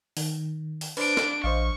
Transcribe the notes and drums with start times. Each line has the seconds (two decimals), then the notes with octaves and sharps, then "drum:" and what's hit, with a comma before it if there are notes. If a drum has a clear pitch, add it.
0.17 D#3, drum: open hi-hat
0.81 drum: open hi-hat
0.97 D4 B4 C5 D7, drum: cymbal
1.17 drum: snare
1.44 A#1 C5 D#5 F5 C#6